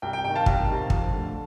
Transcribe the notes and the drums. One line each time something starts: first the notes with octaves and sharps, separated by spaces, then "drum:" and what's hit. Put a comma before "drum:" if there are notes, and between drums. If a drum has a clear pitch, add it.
C2 G5
G5
C3 D#3 G5
F5 A5
C2, drum: kick
C3 D#3
F2, drum: kick
D3 A3